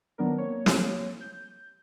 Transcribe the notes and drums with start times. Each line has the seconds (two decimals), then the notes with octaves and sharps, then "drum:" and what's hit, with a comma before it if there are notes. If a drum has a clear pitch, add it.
0.18 D#3 F#3 B3 D4 A#4
0.38 A#3 C4 C#5
0.66 drum: snare
1.21 G6